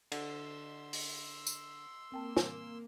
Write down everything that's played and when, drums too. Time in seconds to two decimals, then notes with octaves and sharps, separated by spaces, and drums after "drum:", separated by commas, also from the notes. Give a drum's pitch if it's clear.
0.12 D3 C6 E6, drum: cymbal
0.93 drum: open hi-hat
1.47 drum: tambourine
2.12 A#3 C4 G5 A5
2.37 drum: snare